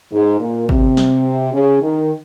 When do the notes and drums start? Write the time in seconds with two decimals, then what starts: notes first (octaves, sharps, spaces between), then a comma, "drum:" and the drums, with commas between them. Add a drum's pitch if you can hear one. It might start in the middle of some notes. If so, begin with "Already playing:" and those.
0.13 G#2
0.40 A#2
0.69 C3, drum: kick
0.97 drum: snare
1.54 C#3
1.82 D#3